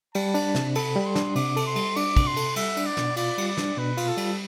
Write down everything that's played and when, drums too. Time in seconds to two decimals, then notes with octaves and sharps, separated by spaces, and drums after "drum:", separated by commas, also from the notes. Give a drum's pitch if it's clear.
0.15 G3 A5, drum: cymbal
0.34 D4, drum: cymbal
0.55 C3, drum: snare
0.75 A4 B5, drum: cymbal
0.96 G3
1.06 C6
1.15 D4, drum: snare
1.35 C3 D6, drum: cymbal
1.56 A4, drum: cymbal
1.67 C6
1.76 G3, drum: cymbal
1.96 D4 D6, drum: cymbal
2.17 C3, drum: kick, cymbal
2.27 C6
2.37 A4, drum: cymbal
2.56 G3 E5, drum: cymbal
2.77 D4, drum: cymbal
2.86 D5
2.97 B2, drum: snare
3.16 F4 D5, drum: cymbal
3.38 G3, drum: cymbal
3.47 D5
3.57 D4, drum: snare
3.77 B2 B4
3.97 F4, drum: cymbal
4.08 A4
4.17 G3, drum: cymbal